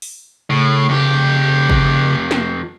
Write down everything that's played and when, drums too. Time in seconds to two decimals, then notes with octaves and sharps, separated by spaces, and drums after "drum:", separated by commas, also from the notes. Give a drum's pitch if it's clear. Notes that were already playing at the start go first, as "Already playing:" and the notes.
0.02 drum: open hi-hat
0.50 A2 C#3
0.89 F2 G4
1.70 drum: kick
2.31 drum: snare